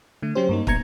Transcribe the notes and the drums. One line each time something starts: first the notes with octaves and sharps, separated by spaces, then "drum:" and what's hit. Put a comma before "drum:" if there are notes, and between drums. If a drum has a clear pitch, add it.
D3 A3
F#3 C#4 G4 C5
G2 A#3 D#4
A#1 B3 A#5 G#6 C#7, drum: kick